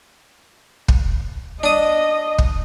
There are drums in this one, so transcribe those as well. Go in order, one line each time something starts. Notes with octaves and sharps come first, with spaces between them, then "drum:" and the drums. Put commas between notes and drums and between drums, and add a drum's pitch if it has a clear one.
drum: kick
D4 D#5 D#6
drum: kick